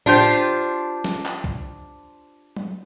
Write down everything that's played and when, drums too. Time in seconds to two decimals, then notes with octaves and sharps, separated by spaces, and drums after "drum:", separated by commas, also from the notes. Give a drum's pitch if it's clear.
0.06 D4 F4 G4 C5, drum: tom A2
1.04 drum: snare
1.26 drum: clap
1.44 drum: kick
2.57 drum: tom F#3